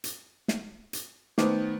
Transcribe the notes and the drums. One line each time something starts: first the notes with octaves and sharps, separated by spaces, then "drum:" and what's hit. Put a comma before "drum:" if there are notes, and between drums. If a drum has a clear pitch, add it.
drum: hi-hat
drum: snare
drum: hi-hat
D#3 A3 B3 C5 D6, drum: snare